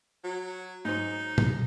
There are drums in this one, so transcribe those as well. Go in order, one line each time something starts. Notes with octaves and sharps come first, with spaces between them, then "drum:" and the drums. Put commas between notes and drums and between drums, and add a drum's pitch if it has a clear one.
F#3
G#2 F#3 D#4 C5
drum: tom